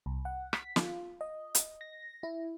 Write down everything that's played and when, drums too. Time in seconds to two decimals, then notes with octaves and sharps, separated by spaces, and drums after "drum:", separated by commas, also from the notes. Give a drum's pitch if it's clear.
0.06 C2
0.25 F#5
0.53 B6, drum: rim click
0.76 F4, drum: snare
1.21 D#5
1.55 drum: hi-hat
1.81 A#6
2.23 E4